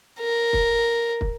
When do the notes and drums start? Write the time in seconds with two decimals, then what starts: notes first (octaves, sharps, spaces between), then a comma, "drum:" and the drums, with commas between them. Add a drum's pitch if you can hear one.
0.20 A#4
0.53 drum: kick
1.21 drum: kick